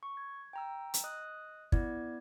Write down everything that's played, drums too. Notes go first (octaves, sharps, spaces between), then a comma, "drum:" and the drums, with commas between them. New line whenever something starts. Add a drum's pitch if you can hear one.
C#6
G#6
G5 A#5 E6
drum: hi-hat
D#5 D#6 F#6
B3 E4 D5 G#6, drum: kick